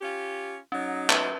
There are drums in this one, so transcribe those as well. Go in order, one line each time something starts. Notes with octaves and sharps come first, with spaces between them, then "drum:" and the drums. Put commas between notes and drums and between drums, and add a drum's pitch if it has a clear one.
C#4 F4 G4
F#3 C#4 D#4
B4 E5, drum: clap